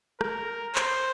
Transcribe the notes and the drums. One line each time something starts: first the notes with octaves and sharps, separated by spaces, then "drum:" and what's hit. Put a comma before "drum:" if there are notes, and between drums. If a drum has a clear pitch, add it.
A#4, drum: rim click
C5, drum: clap